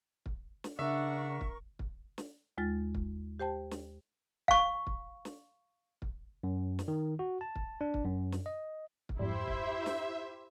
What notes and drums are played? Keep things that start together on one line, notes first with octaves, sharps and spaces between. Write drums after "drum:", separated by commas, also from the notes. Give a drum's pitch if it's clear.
drum: kick
drum: snare
C#3 D4 A#4 E5 F#5 C#6
drum: kick
drum: kick
drum: snare
D#2 G#3 F4 A6
drum: kick
G4 C5 G5 A5
drum: snare
F5 C#6, drum: kick
drum: kick
drum: snare
drum: kick
F#2
drum: snare
D#3
F#4
A5
drum: kick
D4
drum: kick
F#2
drum: snare
D#5
drum: kick
F2 G#2 G3 E4 G4 C5 E5
drum: kick
drum: snare